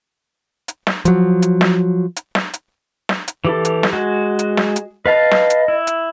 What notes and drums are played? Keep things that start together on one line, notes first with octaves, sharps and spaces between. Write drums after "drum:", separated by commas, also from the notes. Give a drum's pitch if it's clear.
drum: hi-hat
drum: snare
F3 F#3, drum: hi-hat
drum: hi-hat
drum: snare
drum: hi-hat
drum: snare
drum: hi-hat
drum: snare
drum: hi-hat
E3 G4 A4
drum: hi-hat
drum: snare
G#3 F#4
drum: hi-hat
drum: snare
drum: hi-hat
B4 D#5 F5 A5
drum: snare
drum: hi-hat
E4
drum: hi-hat